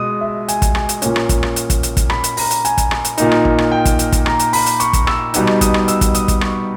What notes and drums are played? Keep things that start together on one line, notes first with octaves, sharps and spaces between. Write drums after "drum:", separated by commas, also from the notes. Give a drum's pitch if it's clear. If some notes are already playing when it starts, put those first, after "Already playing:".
Already playing: B2 G#3 D#6
E5
G#5, drum: hi-hat
drum: kick, hi-hat
G#5, drum: rim click
drum: hi-hat
A#2 A#3 C#4, drum: hi-hat
drum: rim click
drum: kick, hi-hat
drum: rim click
drum: hi-hat
drum: kick, hi-hat
drum: hi-hat
drum: kick, hi-hat
B5, drum: rim click
drum: hi-hat
A#5, drum: open hi-hat
drum: hi-hat
G#5, drum: hi-hat
drum: kick, hi-hat
drum: rim click
drum: hi-hat
A#2 A#3 D#4, drum: hi-hat
drum: rim click
drum: kick
drum: rim click
G5
drum: kick, hi-hat
drum: hi-hat
drum: kick, hi-hat
A#5, drum: rim click
drum: hi-hat
B5, drum: open hi-hat
drum: hi-hat
C#6, drum: hi-hat
drum: kick, hi-hat
E6, drum: rim click
B2 G3 B3 D#4, drum: hi-hat
drum: rim click
D#6, drum: kick, hi-hat
drum: rim click
E6, drum: hi-hat
drum: kick, hi-hat
D#6, drum: hi-hat
drum: kick, hi-hat
C#6, drum: rim click